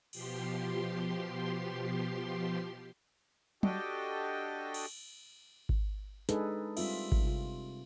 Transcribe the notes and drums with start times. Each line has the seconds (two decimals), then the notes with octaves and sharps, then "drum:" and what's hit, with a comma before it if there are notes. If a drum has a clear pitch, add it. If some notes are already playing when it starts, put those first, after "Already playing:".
0.13 B2 F3 G4 C6, drum: cymbal
3.63 D4 F#4 G4 A4 D#5 G5, drum: tom
4.74 drum: cymbal
5.69 drum: kick G#1
6.29 G#3 D4 D#4 G#4 A4 B4, drum: hi-hat
6.77 G3 C4 F4 E5, drum: cymbal
7.12 drum: kick G#1
7.23 C3 F4